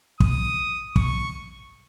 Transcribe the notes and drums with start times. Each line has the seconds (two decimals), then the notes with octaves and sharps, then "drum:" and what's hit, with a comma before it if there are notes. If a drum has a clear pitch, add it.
0.20 D#6, drum: kick
0.96 C#6, drum: kick